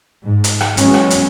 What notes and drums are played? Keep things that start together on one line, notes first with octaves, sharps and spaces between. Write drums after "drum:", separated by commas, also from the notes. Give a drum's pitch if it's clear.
G#2
drum: hi-hat
drum: rim click
E3 F#3 G#3 B3 C#4, drum: hi-hat
drum: rim click
drum: hi-hat